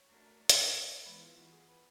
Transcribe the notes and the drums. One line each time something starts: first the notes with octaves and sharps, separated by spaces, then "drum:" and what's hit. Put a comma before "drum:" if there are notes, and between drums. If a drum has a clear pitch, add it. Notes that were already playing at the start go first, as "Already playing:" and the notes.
Already playing: C#5
A3 D4 F#4 A#4
drum: hi-hat
E3 G#3 B3 E4 B4
F4
F#4
G#4
B4